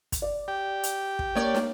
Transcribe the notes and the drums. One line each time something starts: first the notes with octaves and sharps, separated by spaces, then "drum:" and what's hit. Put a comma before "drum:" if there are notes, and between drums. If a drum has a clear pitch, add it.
drum: kick, hi-hat
D5
G4 G5
drum: hi-hat
drum: kick
A#3 C#5 D5
drum: snare